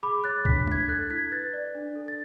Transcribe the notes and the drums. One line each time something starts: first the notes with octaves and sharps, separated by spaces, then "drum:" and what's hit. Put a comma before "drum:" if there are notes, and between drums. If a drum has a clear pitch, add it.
G#4 B5 D6
C#5 F#6 A6
D4 B6, drum: kick C#2
D4 G#6 B6, drum: tom
A4 F#6 A6
E4 G#6 B6
B4 F#6 A6
D5
D4
A4
A6